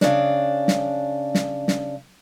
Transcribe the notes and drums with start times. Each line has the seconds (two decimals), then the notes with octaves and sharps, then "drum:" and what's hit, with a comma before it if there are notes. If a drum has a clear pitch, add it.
0.01 C#3 D4, drum: snare
0.68 drum: snare
1.35 drum: snare
1.68 drum: snare